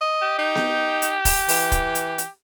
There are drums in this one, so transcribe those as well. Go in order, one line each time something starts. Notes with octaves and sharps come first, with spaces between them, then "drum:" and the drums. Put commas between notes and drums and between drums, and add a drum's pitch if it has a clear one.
D#5
G4
D#4
drum: snare B3
drum: hi-hat
drum: kick, open hi-hat
E3, drum: open hi-hat
drum: kick, hi-hat
drum: hi-hat
drum: hi-hat